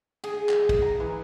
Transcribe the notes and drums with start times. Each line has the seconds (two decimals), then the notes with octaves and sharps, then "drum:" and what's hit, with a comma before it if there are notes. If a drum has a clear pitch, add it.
0.24 G#4, drum: cymbal
0.49 G#5, drum: clap
0.69 drum: kick, cymbal
0.82 A#5
1.00 E3